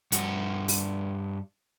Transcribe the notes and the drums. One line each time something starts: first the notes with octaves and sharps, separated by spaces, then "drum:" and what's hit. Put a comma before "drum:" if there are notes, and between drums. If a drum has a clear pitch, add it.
G2 F#4, drum: hi-hat
drum: open hi-hat